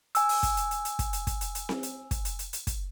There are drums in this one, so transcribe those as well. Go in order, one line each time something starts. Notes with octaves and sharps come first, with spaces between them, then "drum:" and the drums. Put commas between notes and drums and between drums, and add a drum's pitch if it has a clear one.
G#5 E6, drum: hi-hat
drum: open hi-hat
drum: kick, hi-hat
drum: hi-hat
drum: hi-hat
drum: hi-hat
drum: kick, hi-hat
drum: hi-hat
drum: kick, hi-hat
drum: hi-hat
drum: hi-hat
drum: snare C4
drum: hi-hat
drum: kick, hi-hat
drum: hi-hat
drum: hi-hat
drum: hi-hat
drum: kick, hi-hat